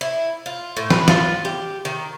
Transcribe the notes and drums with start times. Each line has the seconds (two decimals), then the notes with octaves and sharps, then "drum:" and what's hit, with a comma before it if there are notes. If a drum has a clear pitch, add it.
0.01 E4
0.46 F4
0.77 A2
0.90 B4, drum: snare
1.08 F4, drum: snare
1.45 G4
1.85 D#3